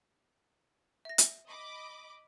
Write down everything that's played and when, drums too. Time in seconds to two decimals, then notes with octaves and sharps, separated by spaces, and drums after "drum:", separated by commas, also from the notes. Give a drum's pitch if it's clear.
1.05 E5 A#6
1.18 drum: hi-hat
1.45 D#5 B5 D6